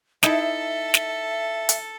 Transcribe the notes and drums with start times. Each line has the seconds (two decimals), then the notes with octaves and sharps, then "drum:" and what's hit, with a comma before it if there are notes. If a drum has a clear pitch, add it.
0.23 D#4 E4 A4 E5, drum: snare
0.94 drum: snare
1.69 drum: hi-hat